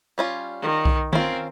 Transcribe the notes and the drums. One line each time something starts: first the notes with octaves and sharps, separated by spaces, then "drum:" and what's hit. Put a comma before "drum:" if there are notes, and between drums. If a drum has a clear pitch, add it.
G3 C#4 F4
D#3
drum: kick B1
C4 C#4 F4 A#4, drum: tom D#3